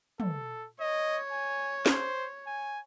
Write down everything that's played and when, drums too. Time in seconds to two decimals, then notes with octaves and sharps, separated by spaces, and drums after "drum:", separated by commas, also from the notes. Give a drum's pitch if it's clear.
0.20 A4, drum: tom
0.80 C#5 D#5
1.31 G#5
1.86 C5, drum: snare
2.47 G#5